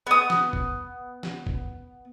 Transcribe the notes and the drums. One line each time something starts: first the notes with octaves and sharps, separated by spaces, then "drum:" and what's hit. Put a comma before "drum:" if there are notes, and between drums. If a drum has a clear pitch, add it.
B3 D#6
drum: snare
drum: kick
drum: snare
drum: kick